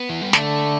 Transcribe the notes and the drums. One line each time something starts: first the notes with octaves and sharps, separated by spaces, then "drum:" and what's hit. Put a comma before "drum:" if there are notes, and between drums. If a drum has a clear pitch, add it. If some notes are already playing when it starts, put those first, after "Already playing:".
Already playing: B3
E3
G3
D3 A3, drum: snare